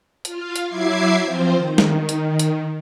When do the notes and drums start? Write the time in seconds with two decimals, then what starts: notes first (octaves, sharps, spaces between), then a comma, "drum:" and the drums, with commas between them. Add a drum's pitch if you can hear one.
0.25 F4 F5, drum: hi-hat
0.56 drum: hi-hat
0.68 F#3 E4 E5 D6 G#6 C7
1.23 F3 C4 F4 C5
1.56 D#3
1.78 drum: snare
2.09 drum: hi-hat
2.39 drum: hi-hat